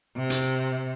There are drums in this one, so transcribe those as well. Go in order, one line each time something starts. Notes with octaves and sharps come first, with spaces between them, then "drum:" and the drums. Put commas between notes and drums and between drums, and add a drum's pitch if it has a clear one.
C3
drum: hi-hat